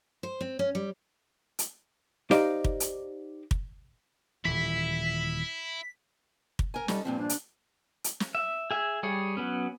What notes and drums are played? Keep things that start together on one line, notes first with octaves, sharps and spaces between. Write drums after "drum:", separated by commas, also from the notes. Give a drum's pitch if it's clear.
C5
C4
C#4
G3
drum: hi-hat
D#4 G4 C5 D5 D#5 F5, drum: snare
drum: kick
drum: hi-hat
drum: kick
D#1 E3 E4 B6
drum: kick
A#4 G#5
G3 C#4 D#4 A4, drum: snare
G2 A#2 F3 C4
D4
drum: hi-hat
drum: hi-hat
drum: snare
E5
G#4 E5 G#5
G3 G#4 C#5
F#3 B3 C#4